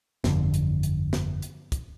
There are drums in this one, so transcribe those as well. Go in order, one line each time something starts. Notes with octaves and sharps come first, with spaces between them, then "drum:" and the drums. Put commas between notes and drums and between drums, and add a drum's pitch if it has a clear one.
G1 F2 D3, drum: snare
drum: hi-hat
drum: hi-hat
drum: snare
drum: hi-hat
drum: kick, hi-hat